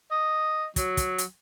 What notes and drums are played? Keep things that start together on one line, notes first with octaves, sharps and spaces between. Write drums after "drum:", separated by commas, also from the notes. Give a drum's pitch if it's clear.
D#5
F#3, drum: kick, hi-hat
drum: kick, hi-hat
drum: hi-hat